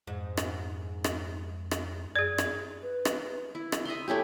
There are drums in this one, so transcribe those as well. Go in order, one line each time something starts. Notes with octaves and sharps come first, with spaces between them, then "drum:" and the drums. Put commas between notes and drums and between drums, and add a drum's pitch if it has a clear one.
F2 G#2
drum: rim click
drum: rim click
drum: rim click
F#2 G#4 D5 G#6
drum: rim click
B4
drum: rim click
E4
drum: rim click
D#5 E5 B5 C6
A3 C#4 E4 G4